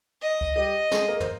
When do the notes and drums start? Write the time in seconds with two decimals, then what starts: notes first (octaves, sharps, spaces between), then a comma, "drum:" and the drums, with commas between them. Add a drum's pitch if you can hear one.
0.21 D#5
0.41 drum: kick C#2
0.55 G3 G4 D#5
0.91 G#3 G#4, drum: snare
1.08 A#3 A#4
1.20 C5, drum: tom